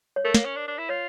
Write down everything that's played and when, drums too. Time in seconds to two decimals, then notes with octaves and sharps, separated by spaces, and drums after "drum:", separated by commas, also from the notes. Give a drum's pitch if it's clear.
0.16 C#5
0.24 A3 A#4
0.34 A#3, drum: snare
0.45 C#4
0.56 D4
0.68 D4
0.78 E4
0.89 F4 C#5